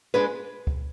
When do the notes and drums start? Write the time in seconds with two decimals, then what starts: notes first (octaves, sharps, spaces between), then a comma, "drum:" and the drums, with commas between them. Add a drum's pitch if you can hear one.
0.14 G#3 D4 G#4 B4
0.67 drum: kick